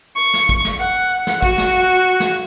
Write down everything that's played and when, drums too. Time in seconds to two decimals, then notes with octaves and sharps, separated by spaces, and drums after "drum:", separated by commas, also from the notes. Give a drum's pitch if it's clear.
0.16 C#6
0.34 drum: snare
0.49 drum: kick
0.65 drum: snare
0.80 F#5
1.27 drum: snare
1.42 F#4, drum: kick
1.58 drum: snare
2.20 drum: snare